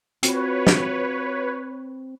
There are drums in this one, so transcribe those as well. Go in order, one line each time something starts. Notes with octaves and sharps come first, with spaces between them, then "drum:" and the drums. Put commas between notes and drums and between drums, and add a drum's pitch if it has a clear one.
C4 F4 F#4 B4 C#5, drum: hi-hat
drum: snare